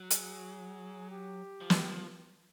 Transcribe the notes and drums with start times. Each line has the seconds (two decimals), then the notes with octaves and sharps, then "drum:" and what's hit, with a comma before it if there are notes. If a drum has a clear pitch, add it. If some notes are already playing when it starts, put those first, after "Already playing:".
Already playing: F#3
0.10 G#4, drum: hi-hat
1.11 G4
1.61 F3
1.70 drum: snare